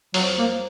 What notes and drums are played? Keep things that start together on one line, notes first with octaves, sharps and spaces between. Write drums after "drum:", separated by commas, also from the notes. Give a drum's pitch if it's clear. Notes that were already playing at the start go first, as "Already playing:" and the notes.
F2 F#3, drum: open hi-hat
G3 A#3